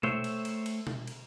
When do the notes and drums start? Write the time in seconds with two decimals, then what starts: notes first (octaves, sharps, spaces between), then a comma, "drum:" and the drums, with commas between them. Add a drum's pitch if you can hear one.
0.03 A3 C5 C#5 E5 G5, drum: tom B2
0.24 drum: cymbal
0.45 drum: cymbal
0.66 drum: cymbal
0.87 drum: tom B2
1.07 drum: cymbal